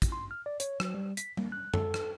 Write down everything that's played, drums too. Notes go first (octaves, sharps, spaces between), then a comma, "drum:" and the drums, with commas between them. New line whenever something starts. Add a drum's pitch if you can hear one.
drum: kick, hi-hat
C6
F6
D5
C#5, drum: hi-hat
F#3, drum: rim click
G3
B6, drum: hi-hat
A#3, drum: tom
F#6
A4, drum: tom F#2
drum: rim click